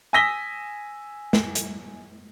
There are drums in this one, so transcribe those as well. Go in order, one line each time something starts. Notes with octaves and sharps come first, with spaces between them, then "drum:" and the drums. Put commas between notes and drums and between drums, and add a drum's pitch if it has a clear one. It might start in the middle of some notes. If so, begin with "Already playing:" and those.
G#5 D#6 E6 A#6 B6 G7
drum: snare
drum: hi-hat